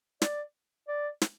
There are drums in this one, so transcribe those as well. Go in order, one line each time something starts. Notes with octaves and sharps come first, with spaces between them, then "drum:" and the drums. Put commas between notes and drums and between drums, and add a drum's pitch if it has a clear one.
D5, drum: snare
D5
drum: snare